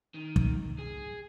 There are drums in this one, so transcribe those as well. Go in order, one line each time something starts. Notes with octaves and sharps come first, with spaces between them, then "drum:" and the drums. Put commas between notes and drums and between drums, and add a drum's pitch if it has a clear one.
D#3
drum: kick
G#4